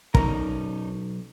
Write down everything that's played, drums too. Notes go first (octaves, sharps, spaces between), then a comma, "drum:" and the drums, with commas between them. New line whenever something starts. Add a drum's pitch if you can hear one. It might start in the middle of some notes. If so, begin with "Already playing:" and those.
B1 C#4 D#4 A#4, drum: kick